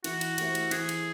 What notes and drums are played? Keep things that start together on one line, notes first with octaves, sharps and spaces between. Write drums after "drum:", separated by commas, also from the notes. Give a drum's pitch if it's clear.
E3 F#4, drum: cymbal
drum: cymbal
A3 C4 E4 G4, drum: cymbal
drum: cymbal
E3 G#4, drum: cymbal
drum: cymbal